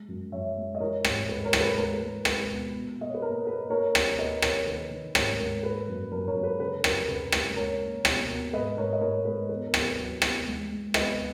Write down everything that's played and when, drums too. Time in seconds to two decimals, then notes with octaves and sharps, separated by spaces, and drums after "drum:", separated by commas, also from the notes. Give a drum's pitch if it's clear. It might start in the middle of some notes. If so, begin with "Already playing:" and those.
Already playing: G#3
0.08 F#2
0.32 F#2 C#5 E5
0.56 G#3
0.75 D#5
0.80 E3 A#4 C#5
1.05 G#2, drum: rim click
1.29 G#2 B4
1.45 A#4 C#5
1.53 E3, drum: rim click
1.61 B4
1.77 G#3 A#4
1.93 B4
2.01 G#3
2.25 G#3 B4, drum: rim click
2.50 B2
2.73 B2
2.98 A#3 D#5
3.08 C#5
3.14 B4
3.22 A#3 A#4
3.46 A#3 B4
3.70 A#3 A#4 C#5
3.95 A#3, drum: rim click
4.18 A#2 B4 D#5
4.42 A#2 A#4 C#5, drum: rim click
4.66 D#3 B4
4.90 D#3
5.15 G#2 A#4 C#5, drum: rim click
5.39 G#2 A#4
5.63 A#3 B4
5.88 F#2
6.12 F#2 A#4
6.27 A#4 C#5
6.35 F#2
6.43 B4
6.60 C#3 B4
6.84 F#2 A#4, drum: rim click
7.08 C#3 B4
7.32 G#3, drum: rim click
7.56 A#3 A#4 C#5
7.80 A#3
8.05 B2, drum: rim click
8.29 B2
8.53 G#2 B4 D#5
8.77 G#2 A#4 C#5
8.93 D#5
9.01 G#2 A#4 C#5
9.25 G#2 B4
9.49 E2 B4
9.66 A#4
9.74 E2, drum: rim click
9.82 B4
9.98 F#3
10.22 E2, drum: rim click
10.47 G#3
10.70 G#3
10.94 E2 B4 D#5, drum: rim click